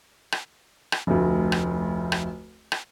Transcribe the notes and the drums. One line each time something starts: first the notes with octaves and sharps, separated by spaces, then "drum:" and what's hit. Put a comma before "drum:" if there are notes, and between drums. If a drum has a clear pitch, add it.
drum: rim click
drum: rim click
F1 D2
drum: rim click
drum: rim click
drum: rim click